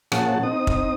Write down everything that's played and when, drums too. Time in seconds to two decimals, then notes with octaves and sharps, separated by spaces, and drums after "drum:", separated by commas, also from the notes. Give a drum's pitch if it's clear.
0.12 A#2 F3 C#4 G#4 F#5 A5, drum: rim click
0.43 C4 D#4 D#6
0.67 drum: kick